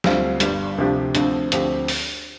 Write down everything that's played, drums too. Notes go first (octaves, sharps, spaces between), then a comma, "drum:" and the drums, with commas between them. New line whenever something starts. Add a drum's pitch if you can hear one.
D2 D3 G3 C4 F4, drum: snare
G1 G2 G3, drum: hi-hat
D2 C3 F3 D4 G4
D2 D3 F3 C4, drum: hi-hat
D2 D3 F3 C4 G4, drum: hi-hat
drum: open hi-hat